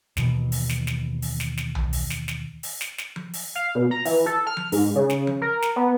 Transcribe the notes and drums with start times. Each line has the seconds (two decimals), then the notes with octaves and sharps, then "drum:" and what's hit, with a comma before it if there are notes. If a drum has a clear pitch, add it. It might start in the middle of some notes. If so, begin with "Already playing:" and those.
0.17 D#2 B2 E3, drum: snare
0.52 drum: open hi-hat
0.69 drum: snare
0.87 drum: snare
1.22 drum: open hi-hat
1.40 drum: snare
1.57 drum: snare
1.75 drum: tom B1
1.93 drum: open hi-hat
2.10 drum: snare
2.28 drum: snare
2.63 drum: open hi-hat
2.81 drum: snare
2.98 drum: snare
3.16 drum: tom F3
3.34 drum: open hi-hat
3.55 F5
3.75 B2
3.91 A#5
4.05 E3, drum: open hi-hat
4.26 A4
4.47 F6
4.57 drum: tom F3
4.72 G#2, drum: open hi-hat
4.96 C#3
5.10 drum: snare
5.27 drum: tom F3
5.42 A#4
5.62 drum: snare
5.76 B3